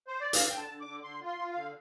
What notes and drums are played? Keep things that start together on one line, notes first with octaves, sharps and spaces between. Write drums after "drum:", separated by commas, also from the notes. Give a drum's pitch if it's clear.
C5
D5
D3 F5, drum: hi-hat
D3 G5
A5
D3
D6
D3
D3 C6
F4
C6
F4
D3 F5